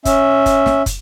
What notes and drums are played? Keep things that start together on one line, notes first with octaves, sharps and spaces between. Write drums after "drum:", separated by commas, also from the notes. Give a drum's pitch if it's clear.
C#4 E5, drum: kick, hi-hat
drum: kick, hi-hat
drum: snare
drum: kick, hi-hat